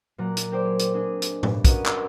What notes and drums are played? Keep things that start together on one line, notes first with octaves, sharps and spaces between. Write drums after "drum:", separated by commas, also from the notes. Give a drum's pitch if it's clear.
A#2 F#3 A#4 A#5 F#6
drum: hi-hat
G4 A#4 C5 D5
G#4
drum: hi-hat
C4 D4 G#4 D#5
drum: hi-hat
G2 B2, drum: tom A2
C#4 F#4 A#4 B4 D#5, drum: kick, hi-hat
drum: clap